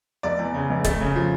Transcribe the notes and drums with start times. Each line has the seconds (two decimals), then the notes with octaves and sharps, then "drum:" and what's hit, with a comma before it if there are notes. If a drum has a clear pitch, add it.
0.23 F1 D5
0.39 E2
0.54 C#3
0.70 F1
0.84 A3, drum: kick, hi-hat
1.01 C#3
1.16 F3